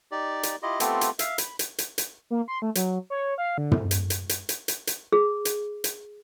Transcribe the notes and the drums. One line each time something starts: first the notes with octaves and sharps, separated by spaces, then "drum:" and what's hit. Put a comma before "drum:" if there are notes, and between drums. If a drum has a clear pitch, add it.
D#4 G4 D5
drum: hi-hat
E4 F4 G4 D#5
A3 B3 C4 F4 G4 A4, drum: hi-hat
drum: hi-hat
E5 F5, drum: hi-hat
B5, drum: hi-hat
drum: hi-hat
drum: hi-hat
drum: hi-hat
A#3
C6
A3
F#3, drum: hi-hat
C#5
F5
D3
drum: tom
drum: hi-hat
drum: hi-hat
drum: hi-hat
drum: hi-hat
drum: hi-hat
drum: hi-hat
G#4
drum: hi-hat
drum: hi-hat